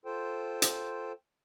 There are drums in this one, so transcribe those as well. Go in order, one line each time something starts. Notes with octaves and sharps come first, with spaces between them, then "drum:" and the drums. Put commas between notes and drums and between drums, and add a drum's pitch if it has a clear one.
F4 A4 C5 G5
drum: hi-hat